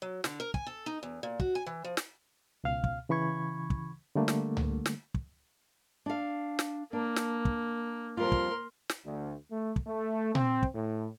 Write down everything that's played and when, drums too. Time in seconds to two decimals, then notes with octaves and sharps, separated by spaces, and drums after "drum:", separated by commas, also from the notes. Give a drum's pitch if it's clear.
0.02 F#3
0.24 D3, drum: snare
0.40 A#4
0.54 G#5, drum: kick
0.67 A4
0.86 D#4
1.03 E2
1.23 A#2
1.40 F#4, drum: kick
1.55 G#5
1.66 E3
1.84 F3
1.97 drum: snare
2.64 C#2 B2 F5 F6
2.84 drum: kick
3.09 C#3 E3 B5 C#6 G#6
3.70 drum: kick
4.15 D3 G3 A3 A#3
4.28 drum: snare
4.57 drum: tom C#2
4.86 drum: snare
5.14 drum: kick
6.06 D4 F5
6.59 drum: snare
6.93 A#3 D4
7.16 drum: snare
7.45 drum: kick
8.17 F2 G3 F4 A#4 C6
8.32 drum: kick
8.89 drum: snare
9.05 D2
9.51 A3
9.76 drum: kick
9.86 A3
10.35 C4, drum: tom A#2
10.63 drum: kick
10.75 A2